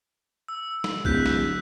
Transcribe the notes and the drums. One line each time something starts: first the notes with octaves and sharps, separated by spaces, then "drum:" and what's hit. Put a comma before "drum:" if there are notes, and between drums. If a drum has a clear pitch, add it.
E6
drum: snare
D1 F#6 G6 B6, drum: kick B1
drum: snare